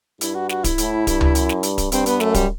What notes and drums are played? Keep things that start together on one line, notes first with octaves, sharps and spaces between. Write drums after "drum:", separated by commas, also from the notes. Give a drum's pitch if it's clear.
G2 E4, drum: hi-hat
F#4
F#4, drum: snare
E4, drum: kick D1, hi-hat
A2, drum: hi-hat
G2, drum: kick D1, hi-hat
drum: tom C#2
F#2, drum: hi-hat
drum: snare
G2, drum: hi-hat
drum: kick D1, hi-hat
G2 C4, drum: hi-hat
B3, drum: hi-hat
F#2 A3, drum: snare
G3, drum: kick D1, hi-hat